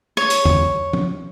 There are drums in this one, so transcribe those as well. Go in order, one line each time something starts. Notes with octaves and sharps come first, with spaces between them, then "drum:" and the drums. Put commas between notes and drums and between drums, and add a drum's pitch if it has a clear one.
C#5
drum: hi-hat
drum: tom E2
drum: tom